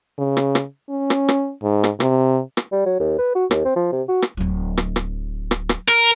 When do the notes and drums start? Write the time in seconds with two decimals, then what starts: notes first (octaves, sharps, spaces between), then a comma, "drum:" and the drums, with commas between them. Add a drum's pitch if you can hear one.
0.18 C#3
0.37 drum: rim click
0.55 drum: rim click
0.90 C#4
1.10 drum: rim click
1.28 drum: rim click
1.63 G#2
1.84 drum: rim click
2.00 C3, drum: rim click
2.57 drum: rim click
2.72 G3
2.86 F#3
2.99 D#2
3.18 B4
3.35 F#4
3.51 D#2, drum: rim click
3.65 C4
3.76 F3
3.92 C3
4.09 F#4
4.22 drum: rim click
4.37 D1 F#3
4.77 drum: rim click
4.96 drum: rim click
5.51 drum: rim click
5.69 drum: rim click
5.88 A#4